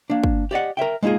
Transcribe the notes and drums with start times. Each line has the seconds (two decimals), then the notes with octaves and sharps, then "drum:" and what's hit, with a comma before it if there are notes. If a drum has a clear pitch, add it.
0.10 A#3 D4
0.24 drum: kick
0.51 G4 D5 D#5 F#5
0.77 A#4 C#5 E5 G5
1.03 G#3 A#3 D#4 F4 G#4